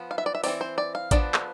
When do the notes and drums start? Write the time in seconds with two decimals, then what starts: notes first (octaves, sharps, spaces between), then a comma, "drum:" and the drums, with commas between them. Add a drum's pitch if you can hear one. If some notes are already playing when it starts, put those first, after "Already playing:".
Already playing: F3 B3
0.11 F5
0.18 E5
0.26 D5
0.35 E5
0.44 E3 A3 C4 D5, drum: open hi-hat
0.61 C5
0.78 D5
0.95 F5
1.11 F3 B3 D4 D5, drum: kick A1, hi-hat
1.34 drum: clap